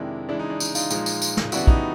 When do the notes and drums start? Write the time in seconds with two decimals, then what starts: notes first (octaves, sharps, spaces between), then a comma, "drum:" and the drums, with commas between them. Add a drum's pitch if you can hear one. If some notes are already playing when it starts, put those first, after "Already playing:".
Already playing: F2 C3 D#3 G#3 D4 E4
0.29 C#3 E3 G#3 D4 E4
0.39 D#4
0.50 D4
0.60 D#4, drum: tambourine
0.75 D#4 F4, drum: tambourine
0.91 A#2 F3 G#3, drum: tambourine
1.06 drum: tambourine
1.22 drum: tambourine
1.37 drum: snare
1.52 C#3 E3 G3 B3 D4 E4 F#4, drum: tambourine
1.67 D#4, drum: kick